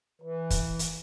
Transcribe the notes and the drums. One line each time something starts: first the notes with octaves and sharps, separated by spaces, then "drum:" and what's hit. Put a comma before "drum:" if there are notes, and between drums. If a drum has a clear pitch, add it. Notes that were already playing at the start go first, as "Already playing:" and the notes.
E3
drum: kick, hi-hat
drum: hi-hat